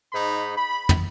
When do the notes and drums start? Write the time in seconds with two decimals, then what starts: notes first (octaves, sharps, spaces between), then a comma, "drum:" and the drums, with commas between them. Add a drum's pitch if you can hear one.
0.12 G#2 D#4 B5
0.56 B5
0.89 drum: tom